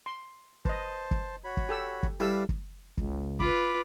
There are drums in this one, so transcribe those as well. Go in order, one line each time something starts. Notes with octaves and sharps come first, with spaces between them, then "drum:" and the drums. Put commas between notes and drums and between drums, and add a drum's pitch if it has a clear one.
C6
B4 C5 D#5 A5, drum: kick
drum: kick
F#4 C#5 B5
drum: kick
G4 A4 E6
drum: kick
G3 E4 A4 B4 D5 F5 E6
drum: kick
C#2, drum: kick
F4 B4 B5 D6, drum: kick